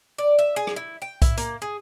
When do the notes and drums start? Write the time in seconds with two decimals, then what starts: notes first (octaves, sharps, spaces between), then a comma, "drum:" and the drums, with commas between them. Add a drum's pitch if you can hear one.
0.18 D5
0.39 E5
0.56 G#4
0.67 drum: rim click
0.76 E4
1.02 G5
1.22 E4, drum: kick B1, hi-hat
1.37 A#3, drum: hi-hat
1.62 G#4